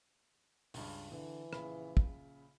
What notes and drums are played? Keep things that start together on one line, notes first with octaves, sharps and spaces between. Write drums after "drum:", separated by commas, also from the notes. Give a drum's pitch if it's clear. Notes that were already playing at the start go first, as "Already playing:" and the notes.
C#2 G2, drum: open hi-hat
D3 E3
A#1 C#3 B5, drum: rim click
drum: kick